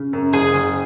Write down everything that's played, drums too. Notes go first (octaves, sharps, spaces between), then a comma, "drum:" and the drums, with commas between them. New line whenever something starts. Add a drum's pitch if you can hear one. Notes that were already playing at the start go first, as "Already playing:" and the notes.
Already playing: C#3
F#2
F#1 G#4, drum: hi-hat
F#1, drum: hi-hat